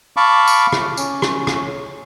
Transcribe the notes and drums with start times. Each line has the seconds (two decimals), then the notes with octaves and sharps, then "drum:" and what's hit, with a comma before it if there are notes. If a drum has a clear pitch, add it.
0.17 F5 A5 B5 C#6 D6
0.48 drum: tambourine
0.72 drum: rim click
0.97 C#4, drum: tambourine
1.22 drum: rim click
1.47 drum: rim click